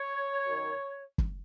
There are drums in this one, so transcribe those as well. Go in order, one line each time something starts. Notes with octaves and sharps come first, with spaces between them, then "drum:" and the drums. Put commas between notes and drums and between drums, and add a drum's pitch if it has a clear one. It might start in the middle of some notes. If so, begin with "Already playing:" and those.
Already playing: C#5
F#2 D#3
drum: kick